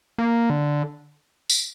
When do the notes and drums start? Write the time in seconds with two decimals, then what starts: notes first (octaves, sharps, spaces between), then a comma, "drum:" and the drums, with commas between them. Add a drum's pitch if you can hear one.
0.18 A#3
0.50 D3
1.50 drum: tambourine